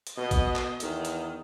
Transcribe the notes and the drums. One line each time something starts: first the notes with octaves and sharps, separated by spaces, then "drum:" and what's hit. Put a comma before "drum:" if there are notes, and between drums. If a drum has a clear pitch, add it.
drum: hi-hat
B2 D#5
drum: kick A#1, hi-hat
drum: clap
E2 D#3, drum: hi-hat
drum: hi-hat